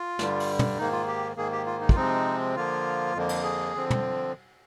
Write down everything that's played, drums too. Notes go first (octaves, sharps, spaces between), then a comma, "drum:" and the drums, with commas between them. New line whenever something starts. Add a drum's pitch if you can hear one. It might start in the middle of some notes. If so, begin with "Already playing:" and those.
Already playing: F4
G2 D3 G3, drum: snare
drum: open hi-hat
drum: tom
G#2 D#3 A#3 D#4
F4
G4
G#2 D#3 A#3 G#4
G4
F4
D#4
F4, drum: kick
C3 F3 G#3 C4 D#4
D3 F3 A#3 F4
F2 D3 F3 A#3
drum: cymbal
G#4
D3 F3 C4
drum: tom